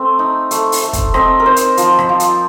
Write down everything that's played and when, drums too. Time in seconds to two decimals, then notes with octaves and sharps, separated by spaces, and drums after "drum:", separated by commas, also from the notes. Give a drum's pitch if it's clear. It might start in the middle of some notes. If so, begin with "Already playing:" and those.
Already playing: A3 C4
0.19 D#4
0.51 A3, drum: hi-hat
0.72 drum: open hi-hat
0.83 A3
0.93 drum: kick, hi-hat
1.14 C4 D#5, drum: rim click
1.40 A#4
1.46 D#4 C5
1.56 drum: hi-hat
1.77 F3, drum: hi-hat
1.99 drum: rim click
2.09 F3
2.20 drum: hi-hat